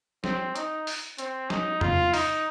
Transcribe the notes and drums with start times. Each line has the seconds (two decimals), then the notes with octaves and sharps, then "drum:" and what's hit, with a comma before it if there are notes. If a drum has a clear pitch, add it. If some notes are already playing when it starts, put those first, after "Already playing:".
0.24 C4, drum: snare
0.56 D#4, drum: hi-hat
0.87 drum: open hi-hat
1.18 C4, drum: hi-hat
1.50 D#4, drum: snare
1.81 F4, drum: tom
2.14 D#4, drum: open hi-hat